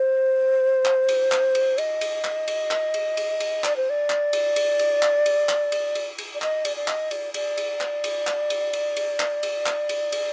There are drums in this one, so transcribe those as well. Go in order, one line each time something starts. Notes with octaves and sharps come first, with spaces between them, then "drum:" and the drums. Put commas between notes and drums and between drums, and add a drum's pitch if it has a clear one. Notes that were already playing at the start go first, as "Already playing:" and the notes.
Already playing: C5
drum: clap
drum: cymbal
drum: clap
drum: cymbal
D#5, drum: cymbal
drum: cymbal
drum: clap
drum: cymbal
drum: clap
drum: cymbal
drum: cymbal
drum: cymbal
D5, drum: clap
C5
D5
drum: clap
drum: cymbal
drum: cymbal
drum: cymbal
drum: clap
drum: cymbal
drum: clap
drum: cymbal
drum: cymbal
drum: cymbal
D5
D#5, drum: clap
D5, drum: cymbal
D5
D#5, drum: clap
D5, drum: cymbal
D5, drum: cymbal
drum: cymbal
drum: clap
drum: cymbal
drum: clap
drum: cymbal
drum: cymbal
drum: cymbal
drum: clap
drum: cymbal
drum: clap
drum: cymbal
drum: cymbal